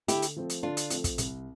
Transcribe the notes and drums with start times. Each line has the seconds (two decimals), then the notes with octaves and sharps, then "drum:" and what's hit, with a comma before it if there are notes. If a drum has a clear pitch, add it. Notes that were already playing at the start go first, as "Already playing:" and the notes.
0.08 D3 E4 G4, drum: hi-hat
0.22 drum: hi-hat
0.36 F3 A3 C4
0.50 drum: hi-hat
0.63 D3 D4 F4
0.77 drum: hi-hat
0.90 F3 A3 C4, drum: hi-hat
1.04 drum: kick, hi-hat
1.18 C2, drum: hi-hat